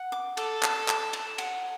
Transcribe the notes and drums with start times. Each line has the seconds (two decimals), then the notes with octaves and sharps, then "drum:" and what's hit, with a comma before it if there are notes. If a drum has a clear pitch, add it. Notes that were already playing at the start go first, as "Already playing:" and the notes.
Already playing: F#5
0.12 D6
0.37 A4 D6, drum: cymbal
0.63 A5, drum: clap
0.88 A5, drum: clap
1.13 A5, drum: cymbal
1.38 F#5, drum: cymbal